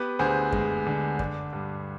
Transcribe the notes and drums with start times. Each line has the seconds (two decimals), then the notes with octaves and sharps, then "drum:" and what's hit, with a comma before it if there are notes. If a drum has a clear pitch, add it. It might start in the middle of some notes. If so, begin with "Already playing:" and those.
Already playing: B3 G4 B4
0.19 D2 G#4 C5
0.52 G#3, drum: kick F#2
0.87 D3
1.19 D4, drum: kick F#2
1.53 G2